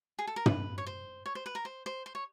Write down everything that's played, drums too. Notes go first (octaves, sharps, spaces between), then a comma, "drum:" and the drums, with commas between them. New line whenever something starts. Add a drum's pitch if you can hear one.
G#4
A4
A#4
B4, drum: tom
C#5
C5
C#5
C5
B4
A#4
C5
C5
C5
C#5